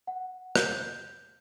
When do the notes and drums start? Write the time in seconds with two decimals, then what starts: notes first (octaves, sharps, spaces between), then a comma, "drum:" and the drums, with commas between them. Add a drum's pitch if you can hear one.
0.07 F#5
0.56 G6, drum: rim click